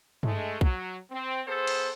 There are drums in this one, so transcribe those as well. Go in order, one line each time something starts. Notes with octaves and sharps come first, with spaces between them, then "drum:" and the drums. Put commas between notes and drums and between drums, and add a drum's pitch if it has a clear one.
G#3 A3, drum: tom G2
F#3, drum: kick
C4
B3 G#4 A4 C5
drum: cymbal